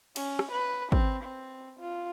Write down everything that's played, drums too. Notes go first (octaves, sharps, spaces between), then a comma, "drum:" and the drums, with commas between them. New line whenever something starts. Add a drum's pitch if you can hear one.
C#4, drum: cymbal
drum: rim click
B4
C4, drum: kick
C4
F4